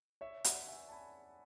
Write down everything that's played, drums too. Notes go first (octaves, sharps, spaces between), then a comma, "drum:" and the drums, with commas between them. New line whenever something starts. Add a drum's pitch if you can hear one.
C#5 E5
D5 F#5, drum: hi-hat
F#5
E5 G#5
A5
G#5 B5